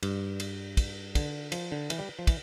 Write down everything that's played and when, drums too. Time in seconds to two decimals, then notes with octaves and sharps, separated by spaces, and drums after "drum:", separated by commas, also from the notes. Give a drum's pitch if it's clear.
0.03 G2, drum: cymbal
0.40 drum: cymbal
0.77 drum: kick, cymbal
1.15 D3, drum: kick, cymbal
1.52 F3, drum: cymbal
1.72 D3
1.90 E3, drum: cymbal
1.99 G3
2.19 F3
2.27 E3, drum: kick, cymbal